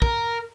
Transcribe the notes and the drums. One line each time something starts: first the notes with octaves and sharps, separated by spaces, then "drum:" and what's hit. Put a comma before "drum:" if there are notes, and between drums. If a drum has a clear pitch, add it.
A#4, drum: kick